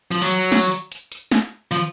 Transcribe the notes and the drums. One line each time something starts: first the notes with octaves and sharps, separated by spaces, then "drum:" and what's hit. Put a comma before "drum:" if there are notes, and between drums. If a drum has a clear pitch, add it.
F3
F#3
drum: snare
drum: hi-hat
drum: hi-hat
drum: hi-hat
drum: snare
F3, drum: hi-hat